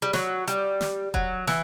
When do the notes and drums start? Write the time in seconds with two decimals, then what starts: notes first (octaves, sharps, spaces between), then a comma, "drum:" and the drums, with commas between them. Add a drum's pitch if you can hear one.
0.02 G3
0.13 F#3, drum: snare
0.48 G3, drum: hi-hat
0.81 drum: snare
1.14 F#3, drum: kick E1
1.47 E3, drum: snare